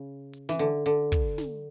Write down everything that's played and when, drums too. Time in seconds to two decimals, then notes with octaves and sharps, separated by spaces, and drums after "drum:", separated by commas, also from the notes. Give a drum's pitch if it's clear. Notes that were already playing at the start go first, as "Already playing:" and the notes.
Already playing: C#3
0.33 drum: hi-hat
0.49 E3, drum: snare
0.59 D3, drum: hi-hat
0.86 D3, drum: hi-hat
1.12 drum: kick, hi-hat
1.38 drum: snare